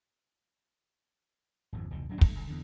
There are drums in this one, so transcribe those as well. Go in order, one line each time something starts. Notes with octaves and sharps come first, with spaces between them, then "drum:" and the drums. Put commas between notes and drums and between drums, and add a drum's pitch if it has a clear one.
G#1 F2 G#2
F1 C#2 B2 D#3
D1 F#3 D4
E2 G2 A3, drum: kick
C2 D3
E2 D3